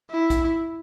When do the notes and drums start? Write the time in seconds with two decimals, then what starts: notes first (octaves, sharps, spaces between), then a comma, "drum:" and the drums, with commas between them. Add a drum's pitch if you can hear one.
0.11 E4
0.30 drum: kick, hi-hat